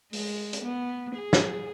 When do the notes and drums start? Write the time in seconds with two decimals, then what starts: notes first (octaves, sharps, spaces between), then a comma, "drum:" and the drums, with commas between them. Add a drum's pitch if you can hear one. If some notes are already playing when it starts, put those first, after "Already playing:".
0.13 G#3, drum: open hi-hat
0.53 drum: hi-hat
0.64 B3
1.15 G#4
1.33 drum: snare